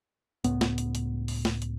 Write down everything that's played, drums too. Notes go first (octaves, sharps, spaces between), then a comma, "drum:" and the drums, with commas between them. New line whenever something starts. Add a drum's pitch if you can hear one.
C#2 A2 B3, drum: hi-hat
drum: snare
drum: hi-hat
drum: hi-hat
drum: open hi-hat
drum: snare
drum: hi-hat